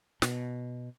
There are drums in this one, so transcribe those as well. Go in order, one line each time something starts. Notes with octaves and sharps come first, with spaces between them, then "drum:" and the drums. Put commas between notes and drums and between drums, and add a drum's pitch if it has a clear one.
B2, drum: snare